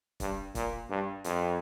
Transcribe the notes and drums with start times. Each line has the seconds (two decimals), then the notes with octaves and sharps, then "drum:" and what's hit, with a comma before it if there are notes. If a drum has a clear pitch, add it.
0.20 G2, drum: kick, hi-hat
0.55 A#2, drum: kick, hi-hat
0.90 G2
1.24 F2, drum: hi-hat